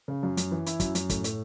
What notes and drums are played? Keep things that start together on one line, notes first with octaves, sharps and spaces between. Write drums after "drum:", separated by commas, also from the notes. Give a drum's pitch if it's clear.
C#3
F#2
F#2, drum: hi-hat
E3
E4, drum: hi-hat
F#2, drum: kick, hi-hat
F#2, drum: hi-hat
A2, drum: kick, hi-hat
A2, drum: hi-hat